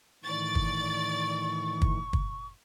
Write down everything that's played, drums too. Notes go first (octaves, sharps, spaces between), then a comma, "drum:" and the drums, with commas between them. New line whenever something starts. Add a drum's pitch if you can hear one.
A2 D#3 E3 D5 C#6 A6
drum: kick
drum: kick
drum: kick